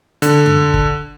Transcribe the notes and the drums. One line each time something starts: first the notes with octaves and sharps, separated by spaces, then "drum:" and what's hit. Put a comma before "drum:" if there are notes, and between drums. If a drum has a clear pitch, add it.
D3, drum: hi-hat
drum: tom F#2
drum: kick